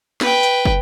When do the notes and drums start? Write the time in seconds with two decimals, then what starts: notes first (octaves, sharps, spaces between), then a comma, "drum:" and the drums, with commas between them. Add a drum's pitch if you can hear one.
0.21 B4 G5, drum: snare
0.43 drum: hi-hat
0.65 drum: kick